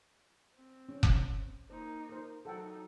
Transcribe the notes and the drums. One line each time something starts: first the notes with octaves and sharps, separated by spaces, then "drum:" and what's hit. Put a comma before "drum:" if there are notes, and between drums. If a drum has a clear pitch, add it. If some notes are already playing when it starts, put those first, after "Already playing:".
C4
C#4
drum: kick F1
A#3 D#4 C5
A#4 C5
F#3 D#4 A4 F#5 G5